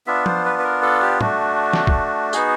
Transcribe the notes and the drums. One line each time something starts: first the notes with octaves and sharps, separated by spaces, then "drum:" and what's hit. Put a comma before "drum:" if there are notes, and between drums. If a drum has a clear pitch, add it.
B3 D4 F4 E5
C5, drum: tom F3
B4
B4
A#4
A4
G4
A3 D4 F#4, drum: tom
drum: snare
drum: kick
B3 D#4 F#4 G#4, drum: tambourine